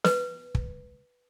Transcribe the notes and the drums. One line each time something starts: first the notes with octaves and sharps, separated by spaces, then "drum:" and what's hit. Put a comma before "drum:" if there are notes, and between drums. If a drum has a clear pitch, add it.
B4, drum: snare
drum: kick